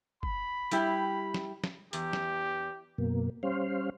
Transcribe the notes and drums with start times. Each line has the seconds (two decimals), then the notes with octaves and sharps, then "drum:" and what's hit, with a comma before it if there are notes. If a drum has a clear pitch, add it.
0.23 B5, drum: kick F#1
0.71 G3 E4 G4, drum: hi-hat
1.34 drum: snare
1.64 drum: snare
1.93 E2 G4, drum: hi-hat
2.13 drum: snare
2.98 F#2 B2 A#3
3.43 G3 C#4 C5 F5